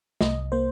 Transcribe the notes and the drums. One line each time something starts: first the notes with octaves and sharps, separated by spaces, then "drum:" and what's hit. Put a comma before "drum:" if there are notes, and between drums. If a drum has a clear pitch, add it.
C2 D#5, drum: snare A3
A#3 C5